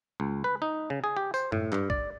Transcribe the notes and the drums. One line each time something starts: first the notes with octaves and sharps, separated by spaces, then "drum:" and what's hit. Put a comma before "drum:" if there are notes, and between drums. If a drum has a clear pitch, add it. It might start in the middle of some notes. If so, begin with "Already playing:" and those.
C#2
B4
D#4
C#3
G#4
G4
C5, drum: tambourine
A2, drum: tom F#2
G2, drum: clap
D5, drum: kick